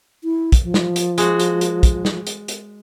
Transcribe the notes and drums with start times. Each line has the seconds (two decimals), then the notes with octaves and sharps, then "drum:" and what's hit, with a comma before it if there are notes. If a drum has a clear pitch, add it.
0.24 E4
0.52 drum: kick, hi-hat
0.63 F3
0.74 drum: snare
0.96 drum: hi-hat
1.18 G#3 F#4, drum: hi-hat
1.39 drum: hi-hat
1.61 drum: hi-hat
1.83 drum: kick, hi-hat
2.05 drum: snare
2.27 drum: hi-hat
2.48 drum: hi-hat